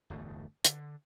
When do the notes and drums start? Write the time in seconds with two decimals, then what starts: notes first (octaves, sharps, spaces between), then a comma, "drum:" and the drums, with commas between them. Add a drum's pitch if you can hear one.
0.10 D1 G1 E2 A3
0.65 D3, drum: hi-hat